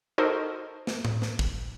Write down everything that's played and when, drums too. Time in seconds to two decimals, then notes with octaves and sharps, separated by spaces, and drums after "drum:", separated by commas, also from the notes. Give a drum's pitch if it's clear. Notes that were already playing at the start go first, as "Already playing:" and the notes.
0.18 D#4 F#4 A4 A#4 C5 D#5
0.87 drum: snare
1.05 drum: tom A2
1.22 drum: snare
1.39 drum: kick